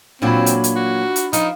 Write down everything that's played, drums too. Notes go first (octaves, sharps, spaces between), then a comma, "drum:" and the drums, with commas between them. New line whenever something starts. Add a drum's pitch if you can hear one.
A#2 E3 F#3 C4 D4 F4 B5
drum: hi-hat
drum: hi-hat
F#4
drum: hi-hat
F3 D#4, drum: hi-hat